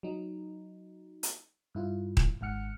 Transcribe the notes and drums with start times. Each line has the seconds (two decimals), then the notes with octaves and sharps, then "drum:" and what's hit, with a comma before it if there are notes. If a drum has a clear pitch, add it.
0.03 F#3 D#4
1.23 drum: hi-hat
1.75 G2 E4 F4
2.17 drum: kick D#1
2.41 G#1 G#2 F#5 F6 C#7